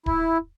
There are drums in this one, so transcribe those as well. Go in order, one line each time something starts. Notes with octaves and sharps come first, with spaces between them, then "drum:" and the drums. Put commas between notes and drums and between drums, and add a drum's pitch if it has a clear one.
E4, drum: kick D1